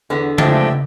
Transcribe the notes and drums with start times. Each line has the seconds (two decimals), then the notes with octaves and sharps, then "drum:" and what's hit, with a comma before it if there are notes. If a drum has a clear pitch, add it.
0.10 E2 D3 B3
0.38 F3 G#3 A3 D4 G4 E5, drum: tom C#3